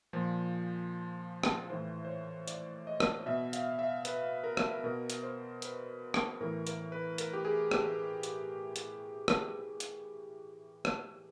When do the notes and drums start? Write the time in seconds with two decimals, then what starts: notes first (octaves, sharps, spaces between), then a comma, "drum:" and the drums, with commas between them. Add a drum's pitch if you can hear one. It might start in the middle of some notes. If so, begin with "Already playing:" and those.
0.13 A#2 F3
1.43 drum: rim click
1.70 A2 E3 C5
2.05 C5
2.09 C#5
2.48 D5, drum: hi-hat
2.87 D#5
3.00 drum: rim click
3.26 B2 E5
3.53 F5, drum: hi-hat
3.79 E5
4.05 B4, drum: hi-hat
4.44 A#4
4.57 drum: rim click
4.84 B2 A#4
5.10 drum: hi-hat
5.23 C5
5.62 B4, drum: hi-hat
6.14 drum: rim click
6.41 A2 E3 A#4
6.67 A#4, drum: hi-hat
6.92 B4
7.18 A#4, drum: hi-hat
7.33 G4
7.45 G#4
7.71 G4, drum: rim click
8.23 drum: hi-hat
8.76 drum: hi-hat
9.28 drum: rim click
9.80 drum: hi-hat
10.85 drum: rim click